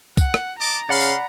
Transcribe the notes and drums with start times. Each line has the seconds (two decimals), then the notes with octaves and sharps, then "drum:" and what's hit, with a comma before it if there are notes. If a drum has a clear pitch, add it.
0.17 F#5, drum: kick, tambourine
0.34 drum: rim click
0.59 D#5 A5 A#5 D6
0.89 C#3 D5 F5 F#5 B5 C6
1.01 drum: tambourine